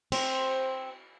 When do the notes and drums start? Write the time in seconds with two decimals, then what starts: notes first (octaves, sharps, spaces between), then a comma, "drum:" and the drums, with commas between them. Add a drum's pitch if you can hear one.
0.12 C4 C5, drum: cymbal